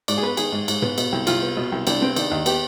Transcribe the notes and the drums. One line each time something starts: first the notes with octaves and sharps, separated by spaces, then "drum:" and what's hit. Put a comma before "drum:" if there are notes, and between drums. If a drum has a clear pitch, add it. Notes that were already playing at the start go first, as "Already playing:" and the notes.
G#2 D5, drum: cymbal
G#4
B3 B4
D#3 G#4, drum: cymbal
G#2
G#2, drum: cymbal
B3, drum: tom
B2, drum: cymbal
C2
C2 F4, drum: cymbal
B3
B2
C2
C2 D4, drum: cymbal
B3 C4
D#3 D4, drum: cymbal
D#2
B3 G4, drum: cymbal